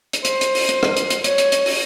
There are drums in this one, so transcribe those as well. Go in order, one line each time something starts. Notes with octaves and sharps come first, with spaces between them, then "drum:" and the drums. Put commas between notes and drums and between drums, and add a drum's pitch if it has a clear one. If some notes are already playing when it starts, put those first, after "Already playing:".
drum: hi-hat
C5, drum: hi-hat
drum: hi-hat
drum: open hi-hat
drum: hi-hat
drum: rim click
drum: hi-hat
drum: hi-hat
C#5, drum: hi-hat
drum: hi-hat
drum: hi-hat
drum: open hi-hat